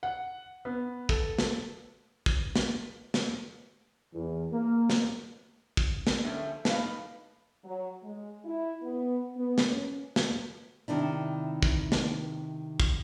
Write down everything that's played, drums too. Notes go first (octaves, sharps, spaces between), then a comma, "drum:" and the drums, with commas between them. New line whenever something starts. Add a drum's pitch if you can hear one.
F#5
B3
A4, drum: kick
drum: snare
drum: kick
drum: snare
drum: snare
E2
A#3
drum: snare
drum: kick
drum: snare
A2 D3 F3 G3 A3 C#4
A2 D4 D#4 B4 F5, drum: snare
F#3
G#3
E4
B3
B3
drum: snare
C#4
drum: snare
C3 D#3 D4 E4
drum: kick
drum: snare
drum: kick